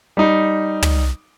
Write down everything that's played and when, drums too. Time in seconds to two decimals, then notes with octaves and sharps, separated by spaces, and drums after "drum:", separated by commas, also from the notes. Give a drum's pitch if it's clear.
0.17 G3 D#4
0.82 drum: tom